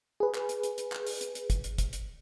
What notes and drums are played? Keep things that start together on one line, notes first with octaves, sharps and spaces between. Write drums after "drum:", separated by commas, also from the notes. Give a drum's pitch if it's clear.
G#4 B4
drum: clap
drum: hi-hat
drum: hi-hat
drum: hi-hat
drum: clap
drum: open hi-hat
drum: hi-hat
drum: hi-hat
drum: kick, hi-hat
drum: hi-hat
drum: kick, hi-hat
drum: hi-hat